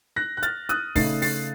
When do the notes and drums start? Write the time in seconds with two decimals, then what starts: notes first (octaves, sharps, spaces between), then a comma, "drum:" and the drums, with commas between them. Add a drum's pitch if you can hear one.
0.16 F#6 A#6
0.37 F#6
0.43 F6 A6, drum: hi-hat
0.69 D#6 F#6, drum: hi-hat
0.95 C#3 A3 D#4 A6 C7, drum: kick, open hi-hat
1.22 A6 C7, drum: open hi-hat